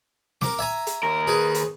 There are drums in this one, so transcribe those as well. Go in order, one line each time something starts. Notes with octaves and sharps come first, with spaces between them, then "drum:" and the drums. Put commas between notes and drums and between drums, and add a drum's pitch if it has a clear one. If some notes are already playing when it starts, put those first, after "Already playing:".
A#4 D6, drum: snare
E5 G#5 A#5
drum: hi-hat
D#2 A#4
G#4 B4
drum: hi-hat